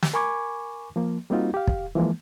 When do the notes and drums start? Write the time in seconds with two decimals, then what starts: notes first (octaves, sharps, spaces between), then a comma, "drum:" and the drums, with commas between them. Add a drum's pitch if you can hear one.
0.03 drum: snare
0.13 A#4 G#5 B5 C#6 D6 G#6
0.96 F3 A#3
1.30 G3 A#3 C4 D#4 F4 F#4
1.54 G4 F5
1.67 drum: kick
1.95 E3 F3 G#3 A#3